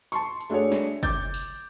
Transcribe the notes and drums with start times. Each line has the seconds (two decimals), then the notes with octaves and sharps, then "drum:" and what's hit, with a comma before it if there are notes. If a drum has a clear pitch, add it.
0.12 A5 C6 C#6, drum: hi-hat
0.41 drum: hi-hat
0.50 A3 D4 F#4 G#4 C#5
0.72 drum: snare
1.03 D6 G6 A6, drum: kick, hi-hat
1.34 drum: open hi-hat